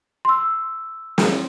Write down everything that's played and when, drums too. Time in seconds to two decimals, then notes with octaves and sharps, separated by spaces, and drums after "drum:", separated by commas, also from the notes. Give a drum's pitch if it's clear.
0.25 C6 E6
1.18 drum: snare